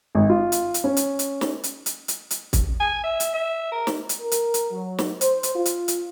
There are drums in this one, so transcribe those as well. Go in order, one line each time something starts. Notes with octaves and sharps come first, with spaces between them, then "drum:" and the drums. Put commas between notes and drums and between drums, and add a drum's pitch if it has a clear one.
G#1
F4
drum: hi-hat
drum: hi-hat
C#4
drum: hi-hat
drum: hi-hat
drum: snare
drum: hi-hat
drum: hi-hat
drum: hi-hat
drum: hi-hat
drum: kick, hi-hat
G#5
E5
drum: hi-hat
E5
A#4
drum: snare
drum: hi-hat
A#4
drum: hi-hat
drum: hi-hat
F#3
drum: snare
C5, drum: hi-hat
drum: hi-hat
F4
drum: hi-hat
drum: hi-hat